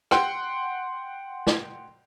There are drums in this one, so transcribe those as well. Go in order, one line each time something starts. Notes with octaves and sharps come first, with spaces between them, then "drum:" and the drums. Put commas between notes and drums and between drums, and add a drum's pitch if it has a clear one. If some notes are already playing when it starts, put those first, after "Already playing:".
F#5 G5 C6, drum: rim click
drum: snare